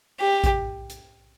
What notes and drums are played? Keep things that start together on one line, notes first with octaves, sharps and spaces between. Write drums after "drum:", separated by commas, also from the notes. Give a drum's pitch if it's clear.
G4
drum: kick A1, hi-hat
drum: hi-hat